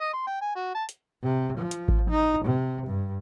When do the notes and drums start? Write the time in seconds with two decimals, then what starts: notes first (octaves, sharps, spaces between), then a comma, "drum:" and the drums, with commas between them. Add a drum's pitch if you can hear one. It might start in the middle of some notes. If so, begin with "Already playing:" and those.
0.01 D#5
0.13 C6
0.27 G5
0.41 G#5
0.56 F#4
0.75 A5
0.89 drum: hi-hat
1.23 C3
1.58 F3
1.71 drum: hi-hat
1.88 drum: kick G#1
2.10 D#4
2.45 C3
2.87 G2